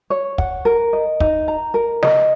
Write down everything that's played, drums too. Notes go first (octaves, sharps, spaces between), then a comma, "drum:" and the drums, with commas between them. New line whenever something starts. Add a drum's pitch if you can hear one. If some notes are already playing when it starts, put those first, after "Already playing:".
C#5
F#5, drum: kick
A#4
D#5
D#4, drum: kick
A#5
A#4
D#5, drum: snare